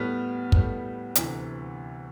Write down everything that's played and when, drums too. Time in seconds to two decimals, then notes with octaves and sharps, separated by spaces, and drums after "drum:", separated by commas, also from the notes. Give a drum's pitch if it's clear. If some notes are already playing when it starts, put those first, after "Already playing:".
Already playing: A2 G3 B3 F6
0.52 A2 G3 B3, drum: kick
1.15 D2 C3 E3, drum: hi-hat